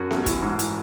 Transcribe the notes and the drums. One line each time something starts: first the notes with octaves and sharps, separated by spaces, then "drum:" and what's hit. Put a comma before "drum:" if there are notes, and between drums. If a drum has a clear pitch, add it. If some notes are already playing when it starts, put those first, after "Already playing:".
Already playing: F#2 F#4
A1, drum: snare B3
E3, drum: kick, hi-hat
G#2
E3, drum: hi-hat